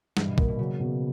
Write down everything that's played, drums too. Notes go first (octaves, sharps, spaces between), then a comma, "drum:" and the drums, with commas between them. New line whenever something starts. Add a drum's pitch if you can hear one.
G2 E3, drum: snare
B2
A#2 A#3, drum: kick
B2
C#3 F#3
B2